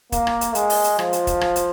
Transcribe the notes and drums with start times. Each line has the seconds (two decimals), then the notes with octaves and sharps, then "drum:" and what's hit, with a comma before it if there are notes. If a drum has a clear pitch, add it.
0.12 A#3, drum: kick, hi-hat
0.27 drum: rim click
0.41 drum: hi-hat
0.55 G#3, drum: hi-hat
0.70 drum: open hi-hat
0.84 drum: hi-hat
0.99 F3, drum: rim click
1.13 drum: hi-hat
1.27 drum: kick, hi-hat
1.41 drum: rim click
1.56 drum: hi-hat